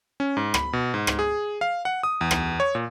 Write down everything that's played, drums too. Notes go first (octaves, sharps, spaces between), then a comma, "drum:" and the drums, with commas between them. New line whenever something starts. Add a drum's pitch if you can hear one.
C#4
G#2
B5, drum: rim click
B2
G#2
drum: rim click
G#4
F5
F#5
D#6
E2
drum: rim click
C#5
A#2